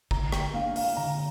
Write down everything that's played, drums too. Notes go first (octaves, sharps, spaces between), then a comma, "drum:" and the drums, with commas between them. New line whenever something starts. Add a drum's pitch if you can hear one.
D3 A#5, drum: kick
G5, drum: rim click
A#3 D4 F5
F5, drum: open hi-hat
D3 A#5